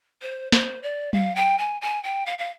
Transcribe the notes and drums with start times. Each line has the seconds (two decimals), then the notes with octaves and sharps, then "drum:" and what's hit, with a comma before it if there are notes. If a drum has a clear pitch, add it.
0.22 C5
0.52 C5, drum: snare
0.83 D5
1.13 F5, drum: tom F#3
1.36 G5
1.58 G#5
1.81 G#5
2.03 G5
2.26 F5
2.38 F5